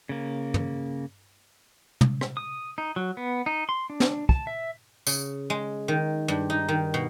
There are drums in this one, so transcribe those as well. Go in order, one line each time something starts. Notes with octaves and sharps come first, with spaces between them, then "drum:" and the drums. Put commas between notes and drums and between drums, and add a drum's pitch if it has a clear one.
C#3 A#3
drum: tom
drum: tom
drum: rim click
D#6
D#4
F#3
B3
D#4
C6
D4
drum: snare
A5, drum: kick
E5
C#3, drum: tambourine
G#3
D#3
G2
D#4
D#3
B2